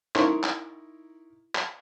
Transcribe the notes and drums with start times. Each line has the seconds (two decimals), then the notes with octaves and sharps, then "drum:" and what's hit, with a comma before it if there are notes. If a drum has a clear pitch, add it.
0.16 D#4 E4 A#4 C6 C#6, drum: clap
0.43 drum: clap
1.55 drum: clap